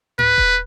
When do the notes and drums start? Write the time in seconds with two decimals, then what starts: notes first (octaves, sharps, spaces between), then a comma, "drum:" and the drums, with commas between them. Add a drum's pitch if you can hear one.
0.19 B4, drum: tom G#2
0.38 drum: kick D#1